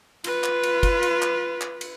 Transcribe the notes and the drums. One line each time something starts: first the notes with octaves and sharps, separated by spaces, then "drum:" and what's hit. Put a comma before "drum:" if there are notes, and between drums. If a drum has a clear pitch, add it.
F4 B4, drum: cymbal
drum: clap
drum: cymbal
drum: kick, cymbal
drum: cymbal
drum: clap
drum: clap
drum: cymbal